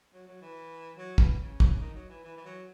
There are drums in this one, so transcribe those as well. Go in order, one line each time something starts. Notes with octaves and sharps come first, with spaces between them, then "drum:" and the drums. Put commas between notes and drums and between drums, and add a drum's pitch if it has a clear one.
F#3
F#3
E3
F#3
E3, drum: kick
C#3
drum: kick
D#3
F#3
E3
E3
E3
F#3